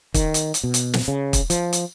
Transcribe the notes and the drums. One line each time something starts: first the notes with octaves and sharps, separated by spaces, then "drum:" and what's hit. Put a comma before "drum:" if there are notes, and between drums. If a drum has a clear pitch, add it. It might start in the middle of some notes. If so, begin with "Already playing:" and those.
D#3, drum: kick, hi-hat
drum: hi-hat
drum: hi-hat
B2
drum: hi-hat
drum: snare
C#3
drum: kick, hi-hat
F3, drum: hi-hat
drum: hi-hat